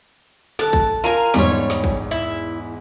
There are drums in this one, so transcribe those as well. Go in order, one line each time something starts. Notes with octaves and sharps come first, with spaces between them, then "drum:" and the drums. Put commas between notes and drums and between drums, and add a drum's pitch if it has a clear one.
A4 A5 F#6, drum: snare
drum: kick
F4 A#4 F5 G#5 D#7
E2 G#2 G3 C#5
drum: snare
drum: kick
E4